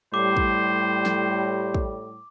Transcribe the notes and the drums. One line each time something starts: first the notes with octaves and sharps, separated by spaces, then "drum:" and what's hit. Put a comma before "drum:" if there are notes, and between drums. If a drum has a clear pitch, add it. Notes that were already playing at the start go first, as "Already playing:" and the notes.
A2 G3 C5 D6
drum: kick
drum: snare
drum: kick